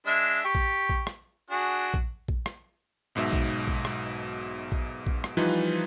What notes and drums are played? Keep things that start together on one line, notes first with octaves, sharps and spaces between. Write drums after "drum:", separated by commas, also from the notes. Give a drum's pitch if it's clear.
G#3 D4 E5
G4 C#6
drum: kick A#1
drum: kick A#1
drum: rim click
D4 F#4 G#4
drum: kick A#1
drum: kick A#1
drum: rim click
B1 G#2 B2 E5
drum: kick A#1
drum: kick A#1
drum: rim click
drum: kick A#1
drum: kick A#1
drum: rim click
E3 F3 G3 D#4 F4 B4